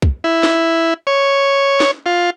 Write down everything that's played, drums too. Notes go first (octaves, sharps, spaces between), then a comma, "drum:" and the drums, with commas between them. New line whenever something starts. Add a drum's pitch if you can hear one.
drum: kick
E4
drum: snare
C#5
drum: snare
F4